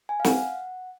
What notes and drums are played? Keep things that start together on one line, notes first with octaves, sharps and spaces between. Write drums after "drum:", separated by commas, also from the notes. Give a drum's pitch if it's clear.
G#5
F5
F#5, drum: snare